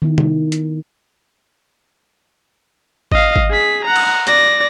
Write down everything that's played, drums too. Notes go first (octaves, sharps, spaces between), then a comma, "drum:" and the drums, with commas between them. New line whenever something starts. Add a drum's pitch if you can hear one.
D#3 B3 E4
drum: tom C3
drum: hi-hat
D#5 F5, drum: kick G#1
drum: kick G#1
G#4 B6
F#5 A#5
drum: cymbal
D5 A#6, drum: hi-hat